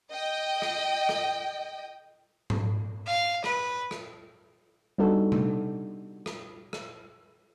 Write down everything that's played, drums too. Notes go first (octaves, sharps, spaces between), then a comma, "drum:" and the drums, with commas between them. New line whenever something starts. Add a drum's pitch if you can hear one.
D#5 G5
drum: rim click
drum: rim click
drum: tom G#2
F5
B4, drum: rim click
drum: rim click
G3 B3 D4 D#4 F#4 A4
drum: tom C3
drum: rim click
drum: rim click